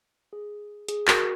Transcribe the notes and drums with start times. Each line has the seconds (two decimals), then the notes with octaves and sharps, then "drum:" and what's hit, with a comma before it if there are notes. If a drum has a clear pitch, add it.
0.33 G#4
0.88 G#4, drum: hi-hat
1.08 F#4 A#4, drum: clap